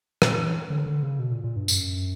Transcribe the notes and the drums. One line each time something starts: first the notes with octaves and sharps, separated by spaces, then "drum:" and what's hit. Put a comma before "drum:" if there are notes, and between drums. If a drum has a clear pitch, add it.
A#2, drum: rim click
E3
D3
D3
C#3
B2
A#2
A#2
G2
F#2, drum: tambourine